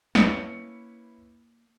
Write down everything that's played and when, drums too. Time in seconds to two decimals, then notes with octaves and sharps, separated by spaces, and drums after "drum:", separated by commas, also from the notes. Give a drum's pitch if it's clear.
0.15 A#3 C#4 E4 B4 C#7, drum: snare